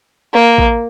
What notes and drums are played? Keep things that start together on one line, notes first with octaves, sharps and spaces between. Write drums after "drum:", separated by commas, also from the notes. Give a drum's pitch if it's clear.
A#3
drum: kick A1